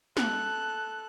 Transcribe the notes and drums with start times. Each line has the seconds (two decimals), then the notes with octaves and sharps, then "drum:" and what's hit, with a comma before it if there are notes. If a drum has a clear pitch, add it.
0.17 A4 F#6, drum: snare